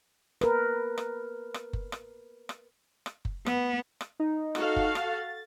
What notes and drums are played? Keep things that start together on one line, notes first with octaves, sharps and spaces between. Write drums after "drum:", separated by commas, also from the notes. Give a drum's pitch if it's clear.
A#4 B4, drum: rim click
drum: rim click
drum: rim click
drum: kick F#1
drum: rim click
drum: rim click
drum: rim click
drum: kick F#1
B3, drum: rim click
drum: rim click
D#4
F#4 A4 F5, drum: rim click
drum: kick F#1
A6, drum: rim click